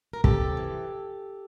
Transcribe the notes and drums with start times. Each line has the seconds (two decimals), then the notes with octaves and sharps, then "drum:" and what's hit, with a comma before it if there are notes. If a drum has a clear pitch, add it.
0.13 A#4
0.24 C3 G4 A4, drum: kick
0.41 C3
0.57 E3